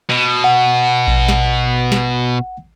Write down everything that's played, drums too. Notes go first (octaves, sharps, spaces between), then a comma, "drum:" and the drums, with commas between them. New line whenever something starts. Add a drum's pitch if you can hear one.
B2
F#5
drum: kick A#1
drum: snare
drum: snare